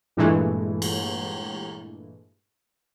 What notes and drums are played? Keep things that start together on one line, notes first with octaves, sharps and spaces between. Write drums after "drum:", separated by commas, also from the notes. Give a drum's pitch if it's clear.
G2 A#2 E3 G#3 A3
drum: cymbal